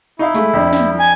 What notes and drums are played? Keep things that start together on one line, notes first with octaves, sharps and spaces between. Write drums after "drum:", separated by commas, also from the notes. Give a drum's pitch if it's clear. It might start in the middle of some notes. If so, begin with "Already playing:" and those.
D#4 E4 F5
G#3 A3, drum: hi-hat
F2 D4
drum: snare
G#5